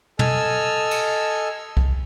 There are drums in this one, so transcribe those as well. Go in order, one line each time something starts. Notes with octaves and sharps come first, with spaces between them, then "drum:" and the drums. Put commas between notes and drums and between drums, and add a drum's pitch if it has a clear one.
A4 D#5 G#5 E6 F6, drum: tom
drum: cymbal
drum: kick C2